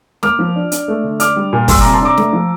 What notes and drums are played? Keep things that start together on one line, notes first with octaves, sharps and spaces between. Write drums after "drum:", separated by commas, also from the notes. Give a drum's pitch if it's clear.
A#3 D6 F6, drum: snare
F3
D4
D4, drum: hi-hat
A3
D3
D4 D6 F6, drum: hi-hat
G3
A#2
G3 C6 E6, drum: kick, open hi-hat
C3 A#5 D6
A5 C6
D4 A#5 D6
A3, drum: snare
F3